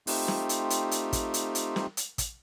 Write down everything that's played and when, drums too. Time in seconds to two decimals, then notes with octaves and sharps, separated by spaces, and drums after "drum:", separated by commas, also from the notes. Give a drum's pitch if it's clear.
0.07 A3 C4 D#4 F4 G4, drum: open hi-hat
0.28 drum: snare
0.49 drum: hi-hat
0.70 drum: hi-hat
0.91 drum: hi-hat
1.13 drum: kick, hi-hat
1.34 drum: hi-hat
1.55 drum: hi-hat
1.76 drum: snare
1.97 drum: hi-hat
2.18 drum: kick, hi-hat